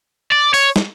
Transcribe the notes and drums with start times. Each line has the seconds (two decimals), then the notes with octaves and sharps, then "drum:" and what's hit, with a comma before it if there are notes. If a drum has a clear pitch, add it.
0.32 D5
0.54 C#5, drum: open hi-hat
0.76 drum: snare